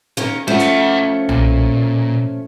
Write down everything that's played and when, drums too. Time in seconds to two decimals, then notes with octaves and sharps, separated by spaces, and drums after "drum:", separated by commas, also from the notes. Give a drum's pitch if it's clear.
0.17 D#3 A#3 C#4
0.48 F3 A3 C#4 C5 F#5
0.60 drum: hi-hat
1.29 A#2, drum: tom B1